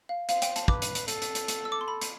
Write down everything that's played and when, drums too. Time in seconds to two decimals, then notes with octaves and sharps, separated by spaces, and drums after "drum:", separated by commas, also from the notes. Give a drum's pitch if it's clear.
0.09 F5
0.29 C5 F5, drum: hi-hat
0.42 G5, drum: hi-hat
0.56 A5, drum: hi-hat
0.68 B4 D6, drum: kick
0.82 drum: hi-hat
0.95 drum: hi-hat
1.08 A4, drum: hi-hat
1.22 drum: hi-hat
1.35 drum: hi-hat
1.48 drum: hi-hat
1.65 E6
1.72 D6
1.81 C6
1.88 B5
2.01 drum: hi-hat